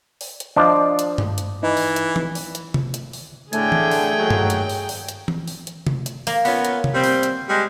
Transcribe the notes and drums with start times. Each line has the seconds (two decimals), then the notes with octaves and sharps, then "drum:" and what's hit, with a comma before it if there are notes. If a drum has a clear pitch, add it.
0.21 drum: open hi-hat
0.40 drum: hi-hat
0.56 F3 D4 D#5 F5 D6
0.99 drum: hi-hat
1.18 drum: tom G2
1.38 drum: hi-hat
1.63 E3 D#4
1.77 drum: open hi-hat
1.96 drum: hi-hat
2.16 drum: tom E3
2.35 drum: open hi-hat
2.55 drum: hi-hat
2.74 drum: tom C3
2.94 drum: hi-hat
3.13 drum: open hi-hat
3.53 A2 D3 A3 G#4 G5 G#5, drum: hi-hat
3.72 drum: tom E3
3.91 drum: open hi-hat
4.17 D#2 F#3
4.30 drum: tom G2
4.50 drum: hi-hat
4.69 drum: open hi-hat
4.89 drum: open hi-hat
5.08 drum: hi-hat
5.28 drum: tom E3
5.48 drum: open hi-hat
5.67 drum: hi-hat
5.87 drum: tom C3
6.06 drum: hi-hat
6.27 A#3, drum: open hi-hat
6.45 B3 C#4 F4, drum: open hi-hat
6.65 drum: hi-hat
6.84 drum: tom C3
6.94 G3 C4
7.04 drum: open hi-hat
7.23 drum: hi-hat
7.49 G3 G#3